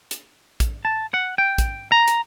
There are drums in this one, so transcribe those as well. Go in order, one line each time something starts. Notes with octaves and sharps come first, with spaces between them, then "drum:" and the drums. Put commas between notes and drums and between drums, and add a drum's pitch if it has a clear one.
drum: hi-hat
drum: kick, hi-hat
A5
F#5
G5
drum: kick, hi-hat
A#5
drum: hi-hat